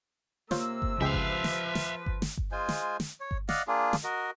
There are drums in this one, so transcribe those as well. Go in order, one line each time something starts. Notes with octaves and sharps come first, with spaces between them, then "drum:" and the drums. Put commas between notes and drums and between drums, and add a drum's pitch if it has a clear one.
C3 A#3 F4 C5 C#5 E6, drum: snare
drum: kick G1
C#2 F3 G#3 B4 E5 F5 G5
drum: kick G1
drum: snare
drum: snare
drum: kick G1
drum: snare
drum: kick G1
G#3 F4 C5 G#5
drum: snare
drum: snare
C#5
drum: kick G1
D5 D#5 F5 F#5, drum: snare
A#3 D4 F4 G#4
drum: snare
F#4 A#4 D#5